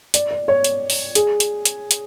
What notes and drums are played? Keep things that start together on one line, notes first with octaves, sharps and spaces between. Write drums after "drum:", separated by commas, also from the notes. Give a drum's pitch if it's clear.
D5, drum: hi-hat
D5
C#5
drum: hi-hat
drum: open hi-hat
G#4, drum: hi-hat
drum: hi-hat
drum: hi-hat
drum: hi-hat